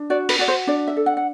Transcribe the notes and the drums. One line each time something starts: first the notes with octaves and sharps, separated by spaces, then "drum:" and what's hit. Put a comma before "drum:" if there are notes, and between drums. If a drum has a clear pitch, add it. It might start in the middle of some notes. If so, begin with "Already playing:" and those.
Already playing: D4
F#4 D5
B4, drum: open hi-hat
F#4 D5
C5
D4 D5
E5
A4
F#5
F#5